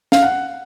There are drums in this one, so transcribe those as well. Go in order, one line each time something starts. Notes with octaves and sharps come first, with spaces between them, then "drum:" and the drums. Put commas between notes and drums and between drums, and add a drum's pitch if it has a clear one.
F5, drum: snare
F#5